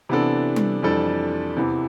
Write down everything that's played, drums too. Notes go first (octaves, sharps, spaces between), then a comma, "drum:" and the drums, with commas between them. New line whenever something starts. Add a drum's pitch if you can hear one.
C3 E3 B3 D4 A4
drum: tom G3
F2 E3 G3 D4 A4
E2 C3 E3 B3